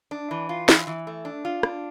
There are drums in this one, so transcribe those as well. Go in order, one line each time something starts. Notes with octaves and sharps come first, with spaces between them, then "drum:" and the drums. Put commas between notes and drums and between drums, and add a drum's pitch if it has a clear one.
D4
E3
F4
E3, drum: snare
E3
A3
D4
F4
D4, drum: rim click